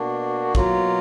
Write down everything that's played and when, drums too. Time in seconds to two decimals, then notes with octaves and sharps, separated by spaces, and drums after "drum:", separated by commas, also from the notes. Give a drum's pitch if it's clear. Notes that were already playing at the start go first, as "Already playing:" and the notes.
Already playing: B2 A#3 D4 F#4
0.55 B2 F#3 A#3 F4, drum: kick